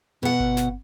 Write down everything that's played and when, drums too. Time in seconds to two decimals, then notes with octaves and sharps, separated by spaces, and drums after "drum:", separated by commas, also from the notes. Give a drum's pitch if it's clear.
0.23 B2 B3 F#5
0.40 drum: kick G1
0.57 drum: snare